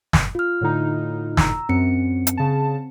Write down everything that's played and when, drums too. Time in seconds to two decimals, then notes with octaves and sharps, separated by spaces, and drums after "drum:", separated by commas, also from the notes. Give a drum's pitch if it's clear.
0.13 drum: snare
0.35 F4 F6
0.61 A2 D3 D#4
1.37 A#5 E6, drum: snare
1.69 F#2 C4 C#7
2.27 drum: hi-hat
2.37 C#3 A5